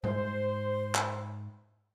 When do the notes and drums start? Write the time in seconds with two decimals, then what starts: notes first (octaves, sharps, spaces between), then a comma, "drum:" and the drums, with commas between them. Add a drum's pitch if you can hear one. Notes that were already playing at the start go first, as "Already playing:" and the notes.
0.04 G#2 C5, drum: tom G#2
0.95 drum: clap